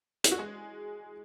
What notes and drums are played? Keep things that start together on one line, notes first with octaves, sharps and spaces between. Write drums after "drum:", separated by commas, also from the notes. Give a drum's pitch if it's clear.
E4, drum: hi-hat
F#4
G#3 G#4